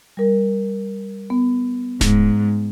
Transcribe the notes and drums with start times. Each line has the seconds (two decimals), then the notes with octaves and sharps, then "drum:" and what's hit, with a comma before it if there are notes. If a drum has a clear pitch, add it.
0.17 G3 A#4
1.30 B3
2.01 G#2, drum: snare D1